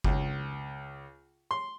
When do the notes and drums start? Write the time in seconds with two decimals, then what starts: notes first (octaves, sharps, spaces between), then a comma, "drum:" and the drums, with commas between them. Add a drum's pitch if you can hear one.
0.04 C#2, drum: kick G1
1.51 C6